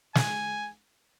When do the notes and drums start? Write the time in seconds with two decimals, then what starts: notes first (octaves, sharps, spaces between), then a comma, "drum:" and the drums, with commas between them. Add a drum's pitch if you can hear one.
0.15 G#5, drum: snare